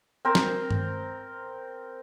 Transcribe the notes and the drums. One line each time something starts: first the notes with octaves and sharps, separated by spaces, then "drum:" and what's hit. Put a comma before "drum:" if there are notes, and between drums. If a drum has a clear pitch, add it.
C4 A#4 C5
drum: snare
drum: tom